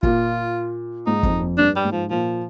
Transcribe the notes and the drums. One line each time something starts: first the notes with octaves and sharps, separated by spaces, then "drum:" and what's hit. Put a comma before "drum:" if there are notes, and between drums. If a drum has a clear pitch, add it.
A#2 F4, drum: kick
G#2 D#4
F2, drum: kick
F2
G2 D4
G3
G#2
F3
A#2 F3